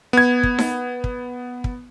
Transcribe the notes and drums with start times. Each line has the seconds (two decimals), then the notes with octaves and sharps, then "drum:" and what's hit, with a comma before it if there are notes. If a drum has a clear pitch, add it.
0.13 B3 G#6
0.43 drum: kick
0.59 drum: snare D#4
1.04 drum: kick
1.64 drum: kick